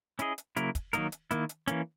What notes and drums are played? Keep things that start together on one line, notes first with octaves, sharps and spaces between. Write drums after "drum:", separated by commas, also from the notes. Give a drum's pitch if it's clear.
C#4 E4 G#4 D#5, drum: hi-hat
drum: hi-hat
C#3 F#3 A#3 E4 A#4, drum: hi-hat
drum: kick, hi-hat
D#3 F#3 A#3 D#4 A#4, drum: hi-hat
drum: hi-hat
D#3 A#3 E4, drum: hi-hat
drum: hi-hat
E3 A#3 C#4, drum: hi-hat